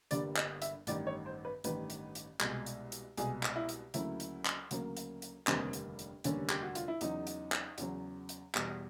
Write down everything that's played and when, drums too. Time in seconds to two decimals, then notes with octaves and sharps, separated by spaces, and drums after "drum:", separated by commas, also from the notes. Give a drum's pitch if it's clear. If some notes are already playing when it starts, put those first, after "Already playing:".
0.11 G1 G2 D3 G3 A#3 D5, drum: hi-hat
0.37 D#5, drum: clap
0.62 E5, drum: hi-hat
0.87 A1 G2 D#3 D5, drum: hi-hat
1.07 C#5
1.26 C5
1.45 B4
1.64 A1 G2 D#3 B4, drum: hi-hat
1.90 drum: hi-hat
2.15 drum: hi-hat
2.41 C2 B2 G#3, drum: clap
2.66 drum: hi-hat
2.92 drum: hi-hat
3.17 C2 B2 G#3 G#4, drum: hi-hat
3.43 drum: clap
3.56 E4
3.69 drum: hi-hat
3.94 D2 C#3 F#3 A#3 E4, drum: hi-hat
4.20 drum: hi-hat
4.45 drum: clap
4.71 D2 C#3 F#3 A#3, drum: hi-hat
4.97 drum: hi-hat
5.22 drum: hi-hat
5.47 F1 D#2 D3 G3 A#3 C4, drum: clap
5.73 drum: hi-hat
5.99 drum: hi-hat
6.24 F1 D#2 D3 G3 A#3 C#4, drum: hi-hat
6.50 G4, drum: clap
6.63 F#4
6.75 F4, drum: hi-hat
6.88 E4
7.01 E2 C#3 F#3 D#4, drum: hi-hat
7.27 drum: hi-hat
7.52 drum: clap
7.78 E2 C#3 F#3, drum: hi-hat
8.29 drum: hi-hat
8.55 E2 B2 G3, drum: clap